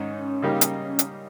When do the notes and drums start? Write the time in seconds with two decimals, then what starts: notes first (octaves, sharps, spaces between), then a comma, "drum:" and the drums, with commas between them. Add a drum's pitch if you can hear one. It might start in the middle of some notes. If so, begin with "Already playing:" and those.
Already playing: G#2 D#3 C#4 D#4
0.42 C#3 G3 A#3 D#4 G4
0.61 drum: hi-hat
0.99 drum: hi-hat